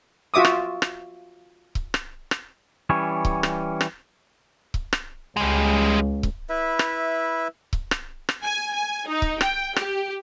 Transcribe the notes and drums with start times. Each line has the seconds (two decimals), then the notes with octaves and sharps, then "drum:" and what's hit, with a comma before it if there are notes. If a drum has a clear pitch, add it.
0.34 F4 F#4 E5 D6 D#6
0.45 drum: rim click
0.82 drum: rim click
1.75 drum: kick C#1
1.94 drum: rim click
2.31 drum: rim click
2.90 E3 G3 C#4 C#5
3.25 drum: kick C#1
3.43 drum: rim click
3.81 drum: rim click
4.74 drum: kick C#1
4.93 drum: rim click
5.37 C#2 G3 G#3
6.23 drum: kick C#1
6.49 E4 B4 E5
6.79 drum: rim click
7.73 drum: kick C#1
7.91 drum: rim click
8.29 drum: rim click
8.43 G#5
8.72 G#5
9.07 D#4
9.22 drum: kick C#1
9.41 G5, drum: rim click
9.76 G4, drum: rim click